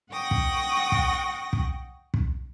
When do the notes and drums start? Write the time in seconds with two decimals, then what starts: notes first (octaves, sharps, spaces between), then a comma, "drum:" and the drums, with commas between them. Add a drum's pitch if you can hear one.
0.11 F#5 G5 C#6 D#6 A#6
0.31 drum: kick
0.92 drum: kick
1.53 drum: kick
2.14 drum: kick